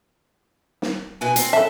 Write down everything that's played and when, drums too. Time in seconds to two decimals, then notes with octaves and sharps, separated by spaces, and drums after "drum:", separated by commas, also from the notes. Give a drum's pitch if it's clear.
0.82 drum: snare
1.21 B2 B4 G#5
1.36 C4, drum: hi-hat
1.53 A4 E5 A5